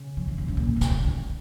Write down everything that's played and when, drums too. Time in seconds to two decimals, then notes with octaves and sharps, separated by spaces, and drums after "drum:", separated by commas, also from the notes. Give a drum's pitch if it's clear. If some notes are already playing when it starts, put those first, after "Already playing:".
Already playing: C#3
0.17 F3
0.28 E3
0.38 D3
0.48 C#3
0.57 A#2, drum: kick C2
0.76 D3
0.81 C#3, drum: snare
1.06 D3